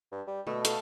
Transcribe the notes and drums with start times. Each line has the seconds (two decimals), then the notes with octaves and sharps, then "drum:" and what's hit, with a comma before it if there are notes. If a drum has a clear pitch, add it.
0.12 G2
0.27 G3
0.47 B2 A3
0.65 A4 F5, drum: hi-hat